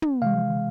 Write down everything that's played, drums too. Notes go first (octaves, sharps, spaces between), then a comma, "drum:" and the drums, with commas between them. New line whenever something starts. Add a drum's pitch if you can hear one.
drum: tom
C3 E3 G#3 F5